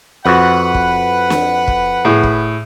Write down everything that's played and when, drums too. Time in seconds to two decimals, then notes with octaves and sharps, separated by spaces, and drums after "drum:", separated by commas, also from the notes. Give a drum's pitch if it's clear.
0.26 F2 F#4 B4 F#5
0.74 drum: kick
1.30 drum: snare
1.68 drum: kick
2.05 A2 G#4
2.23 drum: kick